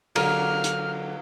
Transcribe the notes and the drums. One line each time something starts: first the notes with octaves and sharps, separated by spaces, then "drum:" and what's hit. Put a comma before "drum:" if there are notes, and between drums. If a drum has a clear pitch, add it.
D3 F#3 A#3 F6, drum: cymbal
drum: hi-hat